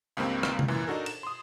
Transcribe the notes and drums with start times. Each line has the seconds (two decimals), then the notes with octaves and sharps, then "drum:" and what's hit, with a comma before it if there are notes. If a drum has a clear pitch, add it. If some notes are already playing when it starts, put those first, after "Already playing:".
0.17 C#2 G2 A#3 C4
0.43 drum: rim click
0.59 drum: tom C3
0.68 F#2 A#2 E3
0.87 D4 D#4 F#4 A4 A#4
1.06 E7, drum: cymbal
1.23 C6 D#6